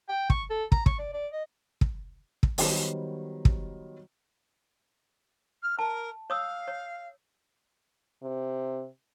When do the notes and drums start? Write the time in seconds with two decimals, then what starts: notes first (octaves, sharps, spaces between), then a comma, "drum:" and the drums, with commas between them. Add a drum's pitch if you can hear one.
0.09 G5
0.30 C#6, drum: kick
0.50 A4
0.72 A#5, drum: kick
0.86 C#6, drum: kick
0.98 D5
1.13 D5
1.32 D#5
1.81 drum: kick
2.43 drum: kick
2.58 D#3 F#3 G3 B3 C5 C#5, drum: open hi-hat
3.45 drum: kick
5.63 F6
5.79 A#4 A5
6.30 C#5 F5 D#6 E6
6.67 C#5
8.23 C3